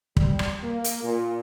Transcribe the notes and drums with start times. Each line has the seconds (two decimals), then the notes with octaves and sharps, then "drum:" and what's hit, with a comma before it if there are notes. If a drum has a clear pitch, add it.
0.17 G3, drum: kick
0.39 drum: rim click
0.63 A#3
0.84 drum: hi-hat
1.03 A#2